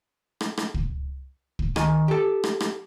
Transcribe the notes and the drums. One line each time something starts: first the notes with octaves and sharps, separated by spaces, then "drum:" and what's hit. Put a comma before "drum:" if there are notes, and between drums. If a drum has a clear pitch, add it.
drum: rim click
drum: rim click
drum: kick
drum: kick
D#3 G#5, drum: rim click
G4 A4
drum: rim click
drum: rim click